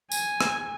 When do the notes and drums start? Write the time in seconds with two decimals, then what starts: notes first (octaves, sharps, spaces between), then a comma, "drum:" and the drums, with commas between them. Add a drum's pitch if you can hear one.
0.12 G#5, drum: tambourine
0.41 drum: rim click